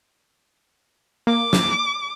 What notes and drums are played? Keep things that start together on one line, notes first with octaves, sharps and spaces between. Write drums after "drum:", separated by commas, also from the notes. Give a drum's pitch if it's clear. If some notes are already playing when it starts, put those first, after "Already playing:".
A#3 D6
drum: snare